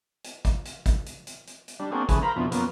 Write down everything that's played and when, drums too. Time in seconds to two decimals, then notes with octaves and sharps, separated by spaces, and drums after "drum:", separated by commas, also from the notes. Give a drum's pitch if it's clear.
0.24 drum: hi-hat
0.45 drum: kick, hi-hat
0.65 drum: hi-hat
0.86 drum: kick, hi-hat
1.06 drum: hi-hat
1.27 drum: hi-hat
1.47 drum: hi-hat
1.68 drum: hi-hat
1.79 G3 D4
1.92 A#3 C4 D4 F#4 G#4
2.09 C#3 E3 A3 G#4 B4, drum: kick, hi-hat
2.22 A#4 C5 F5 A#5 B5
2.36 F2 B2 D3 F3 E4
2.52 F#2 F3 A#3 B3, drum: hi-hat